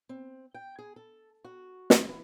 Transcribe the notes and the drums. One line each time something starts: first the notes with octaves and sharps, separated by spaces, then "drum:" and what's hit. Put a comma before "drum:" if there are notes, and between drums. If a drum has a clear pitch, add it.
C4
G5
G#4
A4
F#4
drum: snare
E3